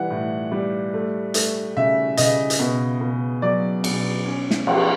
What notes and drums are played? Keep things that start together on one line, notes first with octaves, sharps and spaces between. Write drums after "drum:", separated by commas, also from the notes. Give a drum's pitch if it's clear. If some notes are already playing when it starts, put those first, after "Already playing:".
Already playing: E3 G3 F#5
A2
G3
A3
A3, drum: hi-hat
C#3 E5
C#3 D#5, drum: hi-hat
drum: hi-hat
B2
B2
F#3 D5
B2, drum: cymbal
C#4
drum: snare
F3, drum: cymbal